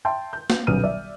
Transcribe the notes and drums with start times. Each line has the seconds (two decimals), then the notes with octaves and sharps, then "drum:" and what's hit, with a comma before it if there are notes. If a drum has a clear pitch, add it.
0.05 E5 G5 A5 C6
0.33 G6
0.50 drum: snare
0.67 D#1 B1 C#3 B3 F6 D#7
0.84 D5 E5